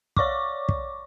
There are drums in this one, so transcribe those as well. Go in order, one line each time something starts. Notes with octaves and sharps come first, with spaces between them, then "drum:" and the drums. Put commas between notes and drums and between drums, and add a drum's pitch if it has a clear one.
C#5 D5 C#6 D6, drum: kick
drum: kick